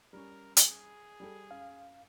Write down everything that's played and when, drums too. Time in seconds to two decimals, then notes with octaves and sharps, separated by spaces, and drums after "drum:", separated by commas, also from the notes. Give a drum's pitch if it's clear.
0.13 G3 C#4 A#4
0.57 G#4, drum: hi-hat
1.20 G3 G4 A4
1.51 F#2 F5